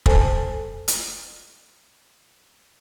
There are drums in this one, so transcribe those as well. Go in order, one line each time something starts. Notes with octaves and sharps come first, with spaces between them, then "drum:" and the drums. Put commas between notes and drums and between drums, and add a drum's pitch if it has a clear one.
A4 C5 G#5 A5, drum: kick
drum: hi-hat